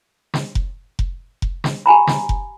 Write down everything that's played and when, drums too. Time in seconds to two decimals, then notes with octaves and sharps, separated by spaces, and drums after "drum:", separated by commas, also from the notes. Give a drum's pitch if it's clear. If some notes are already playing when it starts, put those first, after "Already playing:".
0.34 drum: snare
0.55 drum: kick F1
0.99 drum: kick F1
1.42 drum: kick F1
1.64 drum: snare
1.86 G4 G#5 A#5 B5
2.07 drum: snare
2.29 drum: kick F1